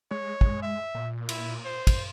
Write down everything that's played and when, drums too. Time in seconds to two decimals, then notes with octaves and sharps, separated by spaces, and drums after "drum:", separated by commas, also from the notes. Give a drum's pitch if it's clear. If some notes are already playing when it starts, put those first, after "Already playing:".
0.11 G#3 C#5
0.41 drum: kick
0.63 E5
0.95 A#2
1.29 E4, drum: cymbal
1.65 C5
1.87 drum: kick, cymbal